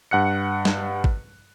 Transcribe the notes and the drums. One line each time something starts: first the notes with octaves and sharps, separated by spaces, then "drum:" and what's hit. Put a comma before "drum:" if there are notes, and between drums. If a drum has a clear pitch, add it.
G2 F#5 F#6 C#7
drum: snare
drum: kick G#1